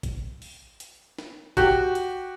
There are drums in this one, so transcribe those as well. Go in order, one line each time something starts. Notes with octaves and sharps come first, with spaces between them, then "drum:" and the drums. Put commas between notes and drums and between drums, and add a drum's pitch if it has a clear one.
drum: kick, hi-hat
drum: open hi-hat
drum: hi-hat
drum: snare
F#4 G4, drum: kick, hi-hat
drum: hi-hat